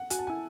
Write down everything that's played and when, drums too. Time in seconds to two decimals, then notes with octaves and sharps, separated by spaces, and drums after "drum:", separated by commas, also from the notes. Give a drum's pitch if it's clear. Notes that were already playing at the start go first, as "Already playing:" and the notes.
Already playing: F#5
0.10 F#4 G#5, drum: hi-hat
0.19 A5
0.27 E4 G#5